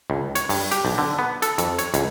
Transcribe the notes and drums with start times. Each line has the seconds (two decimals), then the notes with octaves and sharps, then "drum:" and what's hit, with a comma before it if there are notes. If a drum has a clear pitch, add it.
0.10 C#2
0.35 C#5, drum: hi-hat
0.49 G2, drum: open hi-hat
0.71 G4, drum: hi-hat
0.85 B1
0.98 D3
1.19 B3
1.42 A4, drum: hi-hat
1.58 F2, drum: hi-hat
1.79 C#5, drum: hi-hat
1.94 C#2, drum: hi-hat